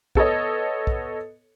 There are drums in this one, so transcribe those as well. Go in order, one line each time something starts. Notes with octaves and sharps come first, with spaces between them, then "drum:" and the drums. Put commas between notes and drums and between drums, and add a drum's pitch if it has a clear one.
B3 A4 C#5 D#5, drum: kick
drum: kick